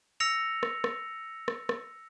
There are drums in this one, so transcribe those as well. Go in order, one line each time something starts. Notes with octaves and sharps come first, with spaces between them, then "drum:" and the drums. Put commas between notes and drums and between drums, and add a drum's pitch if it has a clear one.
E6 A#6 C#7 F7
drum: rim click
drum: rim click
drum: rim click
drum: rim click